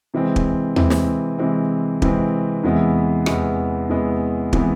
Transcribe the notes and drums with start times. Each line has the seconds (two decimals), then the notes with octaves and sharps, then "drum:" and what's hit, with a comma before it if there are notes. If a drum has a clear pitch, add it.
0.14 C3 E3 G#3 C4
0.36 drum: kick
0.76 C3 E3 G#3 C4, drum: tom D#2
0.90 drum: snare
1.39 C3 E3 G#3 C4
2.02 C3 E3 G#3 C4, drum: kick
2.64 E2 C3 E3 G#3 B3
3.26 E2 C3 E3 G#3 B3, drum: rim click
3.89 E2 C3 E3 G#3 B3
4.53 C3 E3 G#3 B3, drum: kick